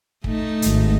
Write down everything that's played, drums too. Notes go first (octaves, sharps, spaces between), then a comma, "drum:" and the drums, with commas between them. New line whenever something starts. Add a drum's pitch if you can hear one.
A3 D#4, drum: kick
G#1, drum: hi-hat